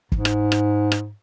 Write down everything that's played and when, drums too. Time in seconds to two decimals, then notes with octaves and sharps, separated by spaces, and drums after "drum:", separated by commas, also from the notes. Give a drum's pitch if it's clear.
0.12 G#2, drum: kick
0.25 drum: rim click
0.52 drum: rim click
0.92 drum: rim click